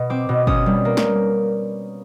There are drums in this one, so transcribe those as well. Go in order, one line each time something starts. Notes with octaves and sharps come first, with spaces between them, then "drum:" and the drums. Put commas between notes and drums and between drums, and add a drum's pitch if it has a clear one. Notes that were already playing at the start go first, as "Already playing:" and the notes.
Already playing: B2
C4 D6
B2
C#4 D#6, drum: kick
G3
A#3
drum: snare